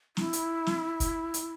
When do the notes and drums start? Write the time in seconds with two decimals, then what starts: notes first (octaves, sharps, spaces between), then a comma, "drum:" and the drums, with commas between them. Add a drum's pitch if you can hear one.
0.17 E4, drum: snare
0.33 drum: hi-hat
0.66 drum: snare
1.00 drum: kick, hi-hat
1.34 drum: hi-hat